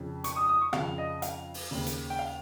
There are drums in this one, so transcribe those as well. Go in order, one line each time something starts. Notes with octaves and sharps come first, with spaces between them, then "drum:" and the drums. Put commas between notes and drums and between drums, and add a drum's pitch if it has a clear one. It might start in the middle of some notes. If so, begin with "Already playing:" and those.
Already playing: F2 C#3
C#6, drum: hi-hat
D#6
D#6
C#6
F2 C#3 F5, drum: rim click
D#5
F5, drum: hi-hat
drum: open hi-hat
D#2 C#3
drum: hi-hat
G5
F5